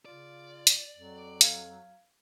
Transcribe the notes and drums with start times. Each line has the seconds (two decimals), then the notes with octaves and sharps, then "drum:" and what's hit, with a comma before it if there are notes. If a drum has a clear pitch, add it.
0.05 C#3 F4 D5
0.67 drum: hi-hat
0.96 F2 F#3
1.41 F5 F6 G#6, drum: hi-hat